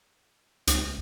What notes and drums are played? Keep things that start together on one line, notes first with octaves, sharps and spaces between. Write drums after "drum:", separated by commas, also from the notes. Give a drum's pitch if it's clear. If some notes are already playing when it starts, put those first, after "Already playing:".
C#2, drum: hi-hat